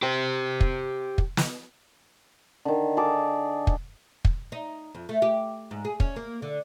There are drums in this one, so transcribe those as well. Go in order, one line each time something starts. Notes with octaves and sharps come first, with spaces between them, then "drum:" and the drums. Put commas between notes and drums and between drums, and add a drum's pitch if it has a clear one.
G4 C5
drum: kick
drum: kick
drum: snare
D3 D#3
G#4 A4 F5 D6
drum: kick
drum: kick
D#4
F2
A3
G4
G#2
G#4
C#4, drum: kick
A#3
D3